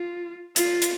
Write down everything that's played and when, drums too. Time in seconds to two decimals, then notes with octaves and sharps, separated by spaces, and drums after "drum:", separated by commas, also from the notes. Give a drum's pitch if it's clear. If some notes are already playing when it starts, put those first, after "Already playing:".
Already playing: F4
0.56 F4, drum: hi-hat
0.82 drum: hi-hat